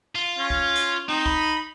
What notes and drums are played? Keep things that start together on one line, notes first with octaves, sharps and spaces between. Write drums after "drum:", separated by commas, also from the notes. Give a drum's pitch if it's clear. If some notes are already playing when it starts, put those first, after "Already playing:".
F4
C#4
drum: kick C2
drum: hi-hat
C4 D#4
B5, drum: kick C2